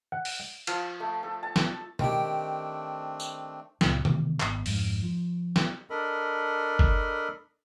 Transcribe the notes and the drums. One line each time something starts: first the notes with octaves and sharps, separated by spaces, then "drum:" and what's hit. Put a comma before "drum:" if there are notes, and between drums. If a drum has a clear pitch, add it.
F#5
drum: open hi-hat
F3, drum: cymbal
A3
A4
A5
drum: snare
D#3 A3 C4 D4 G4, drum: tom B2
drum: tambourine
C#2 A#2, drum: snare
C3 D#3 E3 B3, drum: tom B2
G#1 B3, drum: clap
F2 G#2, drum: open hi-hat
F3
drum: snare
D4 A4 A#4 D#5 B5
drum: kick F#1